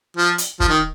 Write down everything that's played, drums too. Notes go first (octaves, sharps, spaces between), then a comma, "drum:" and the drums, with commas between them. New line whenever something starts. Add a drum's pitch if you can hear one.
F3
drum: hi-hat
F3, drum: kick
D#3